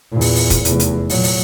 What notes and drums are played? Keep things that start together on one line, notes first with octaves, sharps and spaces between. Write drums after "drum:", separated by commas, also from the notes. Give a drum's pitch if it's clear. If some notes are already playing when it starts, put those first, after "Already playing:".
E2 A#2
drum: open hi-hat
drum: open hi-hat
drum: kick, hi-hat
F1 E2, drum: hi-hat
drum: hi-hat
A#2 F#3, drum: open hi-hat
drum: open hi-hat